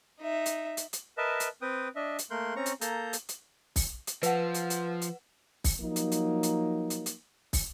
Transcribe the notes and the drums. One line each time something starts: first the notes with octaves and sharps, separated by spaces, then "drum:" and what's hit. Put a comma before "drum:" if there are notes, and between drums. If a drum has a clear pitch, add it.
D#4 E5
drum: hi-hat
drum: hi-hat
drum: hi-hat
A#4 B4 D#5 E5 A5
drum: hi-hat
C4 B4 G5 D#6
D4 D#5 E5
drum: hi-hat
A3 A#3 A#4 C6 F#6 G6
C4 C#4 A#5 C#6
drum: hi-hat
A#3 A4 A#5 G6, drum: hi-hat
drum: hi-hat
drum: hi-hat
drum: kick, open hi-hat
drum: hi-hat
F3 B4 F#5, drum: hi-hat
drum: hi-hat
drum: hi-hat
drum: hi-hat
drum: kick, open hi-hat
F3 F#3 A#3 D#4
drum: hi-hat
drum: hi-hat
drum: hi-hat
drum: hi-hat
drum: hi-hat
drum: kick, open hi-hat